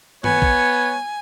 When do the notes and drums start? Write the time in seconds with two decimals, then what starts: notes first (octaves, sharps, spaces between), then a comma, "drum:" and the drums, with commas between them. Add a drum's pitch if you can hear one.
0.24 B3 C#5 G#5, drum: tom
0.42 drum: kick